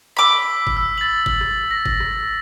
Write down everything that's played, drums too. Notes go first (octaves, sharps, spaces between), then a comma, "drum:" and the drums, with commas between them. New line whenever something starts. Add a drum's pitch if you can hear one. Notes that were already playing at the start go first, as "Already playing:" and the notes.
B5 D6 E6 B6
drum: kick G1
E6
A6 F#7
drum: kick G1
drum: rim click
A#6
drum: kick G1
drum: rim click